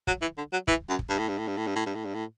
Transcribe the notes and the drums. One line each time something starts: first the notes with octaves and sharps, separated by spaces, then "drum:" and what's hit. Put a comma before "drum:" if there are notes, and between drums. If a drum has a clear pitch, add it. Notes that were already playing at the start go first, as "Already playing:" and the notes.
F#3, drum: kick
E3
D3
F#3
E3, drum: kick
F#2
drum: kick
G2
A2
G2
A2
G2
A2
G2
A2
G2
A2
G2
A2